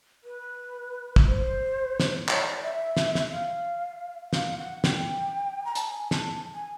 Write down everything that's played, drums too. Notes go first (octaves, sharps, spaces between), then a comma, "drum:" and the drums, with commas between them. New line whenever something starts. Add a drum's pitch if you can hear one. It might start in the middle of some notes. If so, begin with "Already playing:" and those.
B4
drum: kick
C5
drum: snare
C#5, drum: clap
D5
E5
drum: snare
drum: snare
F5
F5, drum: snare
F#5
G5, drum: snare
A#5
A5, drum: hi-hat
G#5
A5, drum: snare
G#5